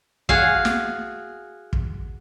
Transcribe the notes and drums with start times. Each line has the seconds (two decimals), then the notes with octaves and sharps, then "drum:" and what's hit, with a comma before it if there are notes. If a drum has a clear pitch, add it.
0.29 F#4 G#4 F5, drum: kick
0.65 drum: snare
1.73 drum: kick